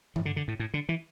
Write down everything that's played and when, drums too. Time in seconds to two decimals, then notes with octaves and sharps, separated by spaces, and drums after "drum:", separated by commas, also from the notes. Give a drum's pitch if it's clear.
0.16 E3, drum: tom G2
0.25 D3
0.36 D3
0.48 A2
0.59 A2
0.74 D3
0.89 E3